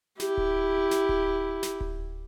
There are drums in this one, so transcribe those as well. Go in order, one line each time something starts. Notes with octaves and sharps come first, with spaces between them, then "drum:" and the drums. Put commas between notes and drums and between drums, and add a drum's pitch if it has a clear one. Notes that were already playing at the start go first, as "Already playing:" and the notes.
E4 G4, drum: snare
drum: kick D1
drum: snare
drum: kick D1
drum: snare
drum: kick D1